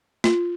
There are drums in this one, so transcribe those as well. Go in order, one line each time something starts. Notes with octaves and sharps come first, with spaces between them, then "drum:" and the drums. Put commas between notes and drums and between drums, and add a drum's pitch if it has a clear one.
F4, drum: snare